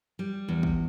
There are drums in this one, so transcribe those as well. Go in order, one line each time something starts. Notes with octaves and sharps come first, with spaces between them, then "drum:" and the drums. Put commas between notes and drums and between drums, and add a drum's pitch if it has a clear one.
G3
E2
drum: kick